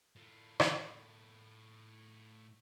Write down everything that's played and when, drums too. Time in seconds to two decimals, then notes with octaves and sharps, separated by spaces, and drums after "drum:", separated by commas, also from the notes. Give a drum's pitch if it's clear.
0.16 A2 F4
0.60 drum: rim click